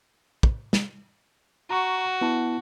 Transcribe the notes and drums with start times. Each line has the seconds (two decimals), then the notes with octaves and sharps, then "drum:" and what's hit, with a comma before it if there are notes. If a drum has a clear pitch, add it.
0.43 drum: kick
0.73 drum: snare
1.70 F#4 A#5 C#6
2.21 B3 E4 A5